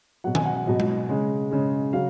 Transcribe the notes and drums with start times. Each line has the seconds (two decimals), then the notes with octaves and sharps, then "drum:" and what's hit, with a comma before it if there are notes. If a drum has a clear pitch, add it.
0.24 B2 F#3 F#5
0.35 G#5, drum: tom D#3
0.45 F#5
0.56 F#5
0.67 B2 F#3 D#5
0.80 drum: tom G#3
1.09 C#3 G#3
1.51 C#3 G#3
1.93 C#3 F#3 F5